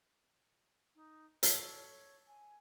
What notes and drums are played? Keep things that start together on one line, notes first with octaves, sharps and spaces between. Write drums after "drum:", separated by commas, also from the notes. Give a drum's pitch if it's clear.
D#4
A4 C#5 A5, drum: hi-hat
G#5